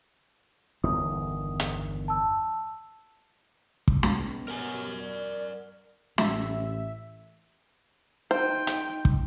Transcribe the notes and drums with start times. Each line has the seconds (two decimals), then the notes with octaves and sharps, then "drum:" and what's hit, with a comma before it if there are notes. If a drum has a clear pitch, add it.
0.84 G1 E2 D#3 D#6
1.60 drum: hi-hat
2.08 A5 E6
3.88 drum: kick
4.03 B2, drum: snare
4.48 G4 A#4 F#5 G#5
4.98 D5
6.18 A1 E5, drum: snare
8.31 D#4 C5 G5
8.67 drum: hi-hat
9.05 drum: kick